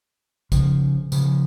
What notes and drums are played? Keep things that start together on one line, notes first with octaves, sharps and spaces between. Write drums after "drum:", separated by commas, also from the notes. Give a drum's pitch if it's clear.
C#3 F3, drum: kick, tambourine
C#3 F3, drum: tambourine